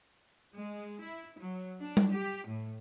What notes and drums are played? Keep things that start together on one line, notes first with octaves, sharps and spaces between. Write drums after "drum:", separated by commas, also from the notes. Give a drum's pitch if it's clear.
G#3
E4
F#3
D4
drum: tom G3
G4
A2